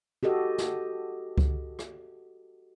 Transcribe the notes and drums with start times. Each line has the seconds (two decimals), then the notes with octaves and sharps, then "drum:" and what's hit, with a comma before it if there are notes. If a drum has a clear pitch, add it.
0.23 F#4 G4 A4 D#5
0.58 drum: snare
1.38 drum: kick C#2
1.79 drum: rim click